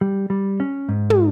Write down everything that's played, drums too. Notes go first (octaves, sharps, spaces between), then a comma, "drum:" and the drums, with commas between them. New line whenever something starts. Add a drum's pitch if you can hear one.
G3
G3
C#4
G#2
drum: tom